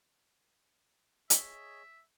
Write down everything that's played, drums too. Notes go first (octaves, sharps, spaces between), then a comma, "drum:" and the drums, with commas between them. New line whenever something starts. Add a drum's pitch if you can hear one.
G#4 C#5 D#5 E5, drum: hi-hat